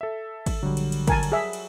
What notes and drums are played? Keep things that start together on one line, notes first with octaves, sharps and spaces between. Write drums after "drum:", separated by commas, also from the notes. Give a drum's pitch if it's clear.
A4 E5
drum: kick G#1, cymbal
A#1 D3 F#3 G3
drum: cymbal
drum: cymbal
A#4 G#5 A5, drum: kick G#1, cymbal
drum: cymbal
G#4 E5
drum: cymbal